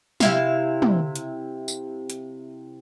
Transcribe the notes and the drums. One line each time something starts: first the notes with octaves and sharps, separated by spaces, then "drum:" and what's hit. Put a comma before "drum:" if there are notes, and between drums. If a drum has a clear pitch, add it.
C3 E4 F5, drum: snare
drum: tom
drum: hi-hat
drum: tambourine
drum: hi-hat